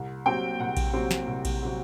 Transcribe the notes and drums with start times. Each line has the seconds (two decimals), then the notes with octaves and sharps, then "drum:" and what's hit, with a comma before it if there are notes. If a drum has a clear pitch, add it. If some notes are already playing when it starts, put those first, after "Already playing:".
Already playing: C2
0.26 C3 F#3 C4 G5
0.60 C2 F#5
0.77 drum: kick A#1, cymbal
0.93 C3 F#3 C4
1.11 drum: snare
1.27 C2
1.45 drum: kick A#1, cymbal
1.62 C3 F#3 C4